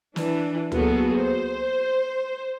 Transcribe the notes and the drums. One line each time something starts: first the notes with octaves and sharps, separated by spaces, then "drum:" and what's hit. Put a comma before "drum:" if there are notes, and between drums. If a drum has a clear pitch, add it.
E3 D4, drum: snare
F#3 A#3 B3 F#4 G#4 A4, drum: tom C#2
C5